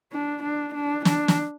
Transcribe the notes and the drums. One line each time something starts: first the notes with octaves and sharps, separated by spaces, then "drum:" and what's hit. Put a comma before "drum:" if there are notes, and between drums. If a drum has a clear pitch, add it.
D4
D4
D4
D4, drum: snare
drum: snare